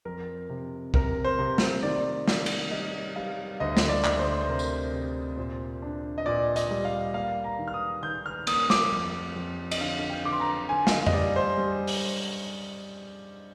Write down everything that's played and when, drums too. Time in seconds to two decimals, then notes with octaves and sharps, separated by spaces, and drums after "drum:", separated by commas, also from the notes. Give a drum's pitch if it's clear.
0.05 F2 A#4
0.49 C3
0.94 C3 A#4, drum: kick
1.25 C5
1.38 C3
1.58 drum: snare
1.83 D#3 D5
2.28 D#3, drum: snare
2.46 drum: cymbal
2.71 G3 D#5
3.16 G3 F5
3.60 D2 D#5
3.77 drum: snare
3.89 D5
4.04 D2, drum: clap
4.19 C5
4.41 C5
4.49 C3 A#4
4.59 drum: tambourine
4.93 C3
5.37 A#2 C5
5.82 D4
6.18 D#5
6.26 A#2 D5
6.56 D#5, drum: hi-hat
6.71 G3
6.85 F5
7.14 A#3 F5
7.44 A#5
7.59 D#3
7.68 F6
7.74 D#6
8.03 D#3 G6
8.26 F6
8.47 A#3 D#6, drum: cymbal
8.70 D6, drum: snare
8.92 F2
9.36 F2
9.71 D#5, drum: cymbal
9.80 D3 F5
9.99 F5
10.10 G5
10.24 D3 D6
10.32 C6
10.40 A#5
10.69 D3 G#5
10.87 F5, drum: snare
10.91 D#5
11.07 D#5, drum: tom F2
11.13 G3 D5
11.36 C5
11.57 G3
11.87 drum: open hi-hat